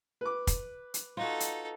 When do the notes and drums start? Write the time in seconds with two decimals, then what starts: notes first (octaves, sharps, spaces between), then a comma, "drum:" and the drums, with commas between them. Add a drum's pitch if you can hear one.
0.21 B4 D6
0.47 drum: kick, hi-hat
0.94 drum: hi-hat
1.17 D#4 F4 F#4 A4
1.40 drum: hi-hat